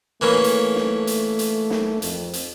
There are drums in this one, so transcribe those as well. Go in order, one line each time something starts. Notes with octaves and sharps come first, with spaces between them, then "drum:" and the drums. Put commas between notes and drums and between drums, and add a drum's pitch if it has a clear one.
E3 A3 A#3 C#4
drum: hi-hat
drum: snare
drum: hi-hat
drum: hi-hat
drum: snare
F2, drum: hi-hat
drum: hi-hat